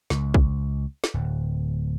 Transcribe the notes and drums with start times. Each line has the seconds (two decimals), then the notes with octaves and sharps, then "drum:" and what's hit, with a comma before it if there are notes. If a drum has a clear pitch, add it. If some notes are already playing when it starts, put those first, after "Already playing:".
0.10 C#2, drum: snare
0.34 drum: kick
1.04 drum: snare
1.14 D1